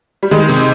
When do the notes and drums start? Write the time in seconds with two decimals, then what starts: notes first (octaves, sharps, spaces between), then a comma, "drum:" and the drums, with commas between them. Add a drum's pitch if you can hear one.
0.23 G3
0.31 D#3 G#3
0.49 C3, drum: tambourine